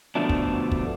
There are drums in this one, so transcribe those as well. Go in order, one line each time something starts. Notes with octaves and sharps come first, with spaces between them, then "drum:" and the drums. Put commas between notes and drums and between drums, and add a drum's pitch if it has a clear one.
B2 D3 F3 A3 B3 D4
drum: kick
drum: kick